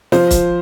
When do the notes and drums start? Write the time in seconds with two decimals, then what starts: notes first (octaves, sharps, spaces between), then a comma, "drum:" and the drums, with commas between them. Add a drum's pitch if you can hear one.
0.12 F3 C5, drum: snare
0.31 drum: kick, hi-hat